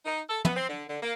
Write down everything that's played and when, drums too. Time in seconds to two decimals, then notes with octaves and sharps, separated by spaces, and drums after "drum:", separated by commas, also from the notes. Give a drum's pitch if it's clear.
0.05 D#4
0.28 A4
0.45 B3, drum: tom
0.56 C4
0.68 D3
0.88 D3
1.02 A#3